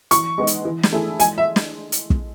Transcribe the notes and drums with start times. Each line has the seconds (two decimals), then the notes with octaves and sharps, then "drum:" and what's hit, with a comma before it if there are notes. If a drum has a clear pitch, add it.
0.11 E3 C#6, drum: hi-hat
0.38 G#3 B3 D#4
0.47 drum: hi-hat
0.65 E3
0.83 drum: snare
0.92 A3 E4 G#4
1.20 G#3 G#5, drum: hi-hat
1.38 E5
1.56 drum: snare
1.92 drum: hi-hat
2.10 drum: kick